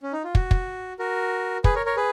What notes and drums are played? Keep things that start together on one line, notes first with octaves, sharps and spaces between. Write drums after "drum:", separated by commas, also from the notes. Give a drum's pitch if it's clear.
C#4
D#4
F4
F#4, drum: kick
drum: kick
F#4 A#4
G#4 B4, drum: kick
A#4 C#5
A#4 C#5
G#4 B4